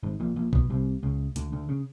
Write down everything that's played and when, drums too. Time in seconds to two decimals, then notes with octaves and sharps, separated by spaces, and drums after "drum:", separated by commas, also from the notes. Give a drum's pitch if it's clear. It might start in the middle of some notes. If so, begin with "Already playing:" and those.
0.03 G#1 G#2
0.20 A#1 A#2
0.36 A#1 A#2
0.53 B1 B2, drum: kick
0.70 C2 C3
1.03 C#2 C#3
1.36 D2 D3, drum: hi-hat
1.52 D2 D3
1.69 C#3